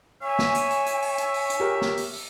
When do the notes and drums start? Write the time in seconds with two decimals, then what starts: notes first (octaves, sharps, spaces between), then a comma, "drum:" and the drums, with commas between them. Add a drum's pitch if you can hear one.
0.23 C#5 E5 G#5
0.39 drum: snare
0.55 drum: hi-hat
0.70 drum: hi-hat
0.86 drum: hi-hat
1.02 drum: open hi-hat
1.18 drum: hi-hat
1.34 drum: open hi-hat
1.50 drum: hi-hat
1.60 G4 A#4
1.82 drum: snare
1.97 drum: open hi-hat
2.13 drum: open hi-hat